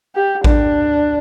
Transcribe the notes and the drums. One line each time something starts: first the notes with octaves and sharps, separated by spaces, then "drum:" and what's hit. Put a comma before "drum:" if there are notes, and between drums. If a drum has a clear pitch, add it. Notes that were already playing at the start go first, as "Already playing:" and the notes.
G4
D4, drum: kick A1